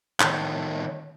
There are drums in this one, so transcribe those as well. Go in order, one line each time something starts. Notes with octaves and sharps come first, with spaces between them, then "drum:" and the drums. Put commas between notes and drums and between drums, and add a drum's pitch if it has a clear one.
A2 D#3, drum: clap